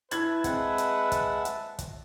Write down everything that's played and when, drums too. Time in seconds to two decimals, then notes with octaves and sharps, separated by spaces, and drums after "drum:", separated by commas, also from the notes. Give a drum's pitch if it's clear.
0.11 E4 B4 E5 A5 G#6 F#7, drum: hi-hat
0.44 G#3 C4 F#5, drum: kick, hi-hat
0.78 drum: hi-hat
1.12 drum: kick, hi-hat
1.45 drum: hi-hat
1.79 drum: kick, hi-hat